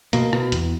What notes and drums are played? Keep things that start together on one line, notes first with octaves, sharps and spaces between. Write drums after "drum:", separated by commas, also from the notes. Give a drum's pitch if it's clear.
B2 A#3, drum: hi-hat
B2, drum: rim click
E2, drum: hi-hat